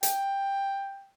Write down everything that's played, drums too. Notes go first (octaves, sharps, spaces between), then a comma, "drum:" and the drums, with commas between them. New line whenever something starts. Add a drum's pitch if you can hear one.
G5, drum: hi-hat